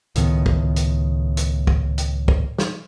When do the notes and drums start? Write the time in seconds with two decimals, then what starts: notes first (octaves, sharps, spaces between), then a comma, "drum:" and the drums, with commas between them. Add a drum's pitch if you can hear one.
0.15 C#2 A2 D#3 B3, drum: hi-hat
0.46 drum: kick
0.76 drum: hi-hat
1.37 drum: hi-hat
1.67 drum: kick
1.98 drum: hi-hat
2.28 drum: kick
2.58 drum: snare